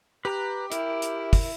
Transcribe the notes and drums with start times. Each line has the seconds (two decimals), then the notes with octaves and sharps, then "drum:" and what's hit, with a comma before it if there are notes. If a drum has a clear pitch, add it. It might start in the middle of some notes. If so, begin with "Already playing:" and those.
0.25 G4 B4 A#5 F#6
0.72 E4 A#4, drum: hi-hat
1.02 drum: hi-hat
1.33 drum: kick, open hi-hat